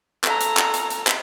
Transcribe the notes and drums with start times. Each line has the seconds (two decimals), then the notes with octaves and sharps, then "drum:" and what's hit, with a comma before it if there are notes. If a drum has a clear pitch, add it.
0.24 A4 A#5, drum: clap
0.41 drum: hi-hat
0.57 drum: clap
0.74 drum: hi-hat
0.90 drum: hi-hat
1.07 drum: clap